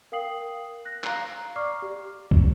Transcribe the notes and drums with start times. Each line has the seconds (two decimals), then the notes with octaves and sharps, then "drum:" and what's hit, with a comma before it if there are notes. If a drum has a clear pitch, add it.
0.12 A#4 F5 G5 D#6 C7 F#7
0.85 F#6 A#6
1.04 F5 A#5 C7, drum: clap
1.56 D5 C#6 D6 F6 C7
1.82 G4
2.31 drum: kick